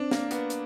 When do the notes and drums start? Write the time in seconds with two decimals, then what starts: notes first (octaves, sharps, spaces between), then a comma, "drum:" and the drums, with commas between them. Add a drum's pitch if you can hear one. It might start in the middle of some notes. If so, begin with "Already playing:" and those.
Already playing: C4 D4
0.11 A#3, drum: snare
0.31 B3, drum: hi-hat
0.50 drum: hi-hat